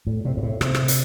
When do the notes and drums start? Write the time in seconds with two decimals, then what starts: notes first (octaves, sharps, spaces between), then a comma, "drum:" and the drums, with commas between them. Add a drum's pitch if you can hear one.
0.07 A2
0.25 C3
0.37 G2
0.43 A2
0.61 C3, drum: rim click
0.75 drum: rim click
0.88 drum: hi-hat